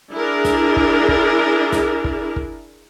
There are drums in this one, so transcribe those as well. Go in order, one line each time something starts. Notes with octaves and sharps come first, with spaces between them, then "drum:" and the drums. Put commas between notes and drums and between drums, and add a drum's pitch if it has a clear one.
D4 E4 G#4 A#4
drum: snare
drum: kick
drum: kick
drum: snare
drum: kick
drum: kick